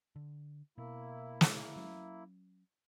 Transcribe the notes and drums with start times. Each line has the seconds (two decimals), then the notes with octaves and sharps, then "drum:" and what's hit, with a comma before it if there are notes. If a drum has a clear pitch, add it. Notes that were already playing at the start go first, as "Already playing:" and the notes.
0.16 D3
0.78 B2 A#3 E4
1.41 drum: snare
1.76 F#3 C#4